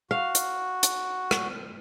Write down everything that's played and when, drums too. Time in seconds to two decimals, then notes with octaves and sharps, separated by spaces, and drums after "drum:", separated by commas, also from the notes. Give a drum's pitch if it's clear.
0.11 F#4 F5
0.35 drum: hi-hat
0.83 drum: hi-hat
1.31 drum: rim click